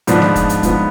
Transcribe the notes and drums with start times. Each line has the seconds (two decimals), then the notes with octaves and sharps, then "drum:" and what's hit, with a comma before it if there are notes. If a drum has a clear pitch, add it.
0.07 G#2 F3 B3 D4, drum: hi-hat
0.22 drum: snare A3
0.36 drum: kick, hi-hat
0.49 drum: hi-hat
0.63 G#2 F3 B3 D4, drum: kick, hi-hat